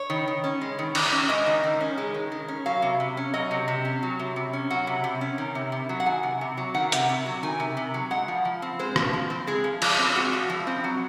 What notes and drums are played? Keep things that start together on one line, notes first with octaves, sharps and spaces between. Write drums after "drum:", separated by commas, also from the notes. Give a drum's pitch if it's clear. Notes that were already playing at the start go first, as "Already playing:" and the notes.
Already playing: C#5
D#3
D#3
C#4
G#3
D#3
D#3, drum: cymbal
C#4
G#3 D#5
D#3
D#3
C#4
G#3
D#3
D#3
C#4
F#3 F5
C3
C3
C#4
F#3 D#5
C3
C3
C#4
F#3
C3
C3
C#4
F#3 F#5
C3
C3
C#4
D#3
C3
C3
F#3
F#5
D#3 G#5
C3
C3
F#3
D#3 F#5
C3, drum: hi-hat
C3
F#3
D#3 G#5
C3
C3
F#3
G#3 F#5
F3
F3
C4
G#3 C5
F3, drum: rim click
F3
C4
G#3 G#4
F3
F3, drum: cymbal
C4
G#3 F#4
F3
F3
C4
F#3